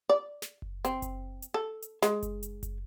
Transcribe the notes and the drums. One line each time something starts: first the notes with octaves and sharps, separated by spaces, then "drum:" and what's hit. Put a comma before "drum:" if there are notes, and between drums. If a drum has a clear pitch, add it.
D5
drum: snare
drum: kick F#1
C4, drum: hi-hat
drum: kick F#1, hi-hat
drum: hi-hat
A4
drum: hi-hat
G#3, drum: snare
drum: kick F#1, hi-hat
drum: hi-hat
drum: kick F#1, hi-hat